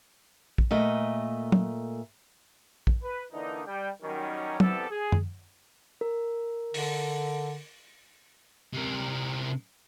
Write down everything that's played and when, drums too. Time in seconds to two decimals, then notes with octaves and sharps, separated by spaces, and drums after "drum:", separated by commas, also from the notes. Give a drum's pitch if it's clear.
0.58 drum: kick
0.71 A#2 A3 D#5
1.52 drum: tom
2.87 drum: kick
3.03 B4
3.32 D3 E3 A#3 D4 D#4
3.66 G3 G5
4.02 D#3 F#3 G3 C#4
4.60 C2 C3 E3 B3 G4 A4, drum: tom
4.90 G#4
5.12 drum: tom F#2
6.01 A#4
6.74 D3, drum: open hi-hat
8.74 C3 A#4